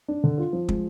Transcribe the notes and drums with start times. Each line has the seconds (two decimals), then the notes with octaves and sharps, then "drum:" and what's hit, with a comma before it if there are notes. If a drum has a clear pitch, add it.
0.08 D4
0.24 D3
0.38 F4
0.53 F3
0.69 G#3, drum: kick